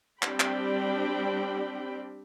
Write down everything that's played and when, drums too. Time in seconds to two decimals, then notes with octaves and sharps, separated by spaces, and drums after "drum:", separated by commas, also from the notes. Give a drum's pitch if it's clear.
0.22 G3 C4 D4 G4 G5 B5, drum: clap
0.40 drum: clap